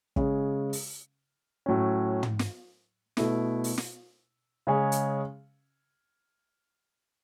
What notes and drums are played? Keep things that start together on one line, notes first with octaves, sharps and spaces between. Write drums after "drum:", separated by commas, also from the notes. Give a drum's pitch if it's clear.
C#3 G#3 C#4, drum: kick
drum: open hi-hat
A2 F#3 C#4
drum: tom
drum: snare
B2 A3 E4, drum: snare
drum: open hi-hat
drum: snare
C#3 G#3 C#4 G#4
drum: hi-hat